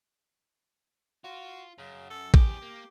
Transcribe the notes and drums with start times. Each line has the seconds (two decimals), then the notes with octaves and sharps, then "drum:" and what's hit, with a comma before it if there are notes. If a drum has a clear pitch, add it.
1.24 F4 F#4
1.78 F#2 C#3
2.10 A4
2.34 B3 G4 G#4, drum: kick A1
2.62 A#3